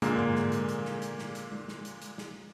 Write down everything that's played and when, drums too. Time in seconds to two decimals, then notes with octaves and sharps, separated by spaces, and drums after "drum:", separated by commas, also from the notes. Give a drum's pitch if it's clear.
0.02 A#2 D3 G#3 A#3, drum: hi-hat
0.19 drum: tom
0.35 drum: snare
0.52 drum: hi-hat
0.69 drum: hi-hat
0.85 drum: snare
1.02 drum: hi-hat
1.18 drum: snare
1.35 drum: hi-hat
1.52 drum: tom G#3
1.68 drum: snare
1.85 drum: hi-hat
2.02 drum: hi-hat
2.18 drum: snare